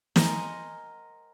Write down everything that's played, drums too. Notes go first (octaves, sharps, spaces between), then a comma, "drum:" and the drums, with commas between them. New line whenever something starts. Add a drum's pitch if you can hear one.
A#4 C5 D#5 F#5 G#5, drum: snare